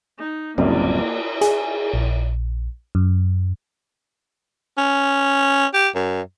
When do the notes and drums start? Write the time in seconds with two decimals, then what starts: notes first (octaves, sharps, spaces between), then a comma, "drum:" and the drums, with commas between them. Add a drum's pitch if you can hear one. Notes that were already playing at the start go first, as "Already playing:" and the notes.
0.18 D#4
0.58 D1 C#2 F#2 G3 A#3 C4 D5, drum: cymbal
1.41 G#4, drum: hi-hat
1.94 A#1
2.95 F#2
4.78 C#4
5.74 G4
5.95 F#2